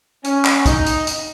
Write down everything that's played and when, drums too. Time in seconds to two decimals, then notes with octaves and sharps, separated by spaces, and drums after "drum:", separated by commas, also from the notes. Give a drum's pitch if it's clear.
0.24 C#4, drum: hi-hat
0.45 drum: clap
0.66 D#4, drum: kick, hi-hat
0.86 drum: hi-hat
1.07 drum: hi-hat